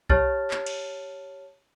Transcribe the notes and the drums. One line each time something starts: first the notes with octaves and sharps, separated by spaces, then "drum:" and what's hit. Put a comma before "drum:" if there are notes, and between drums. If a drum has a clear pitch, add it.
G4 C#5 A5 F6 A6, drum: kick B1
drum: clap
drum: cymbal